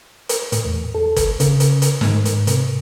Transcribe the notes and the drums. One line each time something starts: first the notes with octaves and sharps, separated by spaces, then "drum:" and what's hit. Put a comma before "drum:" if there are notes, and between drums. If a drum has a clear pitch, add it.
drum: hi-hat
A2, drum: hi-hat
E2
A4
drum: kick, hi-hat
C#3, drum: hi-hat
drum: hi-hat
drum: hi-hat
G#2, drum: snare
drum: hi-hat
C3, drum: hi-hat